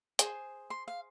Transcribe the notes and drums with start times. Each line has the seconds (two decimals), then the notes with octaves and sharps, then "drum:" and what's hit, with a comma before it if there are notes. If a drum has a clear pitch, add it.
0.19 G#4 C5, drum: hi-hat
0.70 C6
0.88 F5